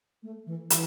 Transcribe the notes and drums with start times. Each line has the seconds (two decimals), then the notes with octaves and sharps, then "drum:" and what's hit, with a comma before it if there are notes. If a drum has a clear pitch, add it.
0.23 A3
0.46 E3
0.70 E3, drum: hi-hat